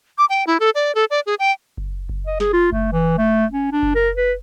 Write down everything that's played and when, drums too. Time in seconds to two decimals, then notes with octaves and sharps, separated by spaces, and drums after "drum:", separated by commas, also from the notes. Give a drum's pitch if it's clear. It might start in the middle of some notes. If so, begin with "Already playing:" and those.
0.18 D6
0.29 G5
0.47 E4
0.60 A4
0.75 D5
0.95 A4
1.10 D5
1.26 G#4
1.39 G5
1.77 drum: kick F#1
2.09 drum: kick F#1
2.27 D#5
2.40 G#4, drum: snare
2.53 F4
2.72 A3, drum: kick F#1
2.92 E3
3.18 A3
3.52 C#4
3.72 D4
3.83 drum: kick F#1
3.95 A#4
4.17 B4